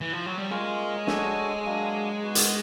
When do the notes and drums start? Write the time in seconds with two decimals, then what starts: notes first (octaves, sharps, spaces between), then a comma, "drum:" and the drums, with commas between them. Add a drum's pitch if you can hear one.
0.01 E3
0.13 F3
0.26 F#3
0.37 G3
0.50 G#3 A#3 C#4 F4 A#4
1.07 D4 F#4 A4 C#5, drum: snare
1.64 F#3 A#3 D4
2.22 B3 D#4 F#4 B4
2.35 drum: hi-hat